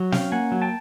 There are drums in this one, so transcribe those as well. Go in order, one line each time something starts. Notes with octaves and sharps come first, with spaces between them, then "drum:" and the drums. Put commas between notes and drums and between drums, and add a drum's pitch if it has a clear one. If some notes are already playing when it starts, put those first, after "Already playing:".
Already playing: F#3
C#4 F5 G5, drum: snare
A#3 F#5 G#5
F#3
G5 A5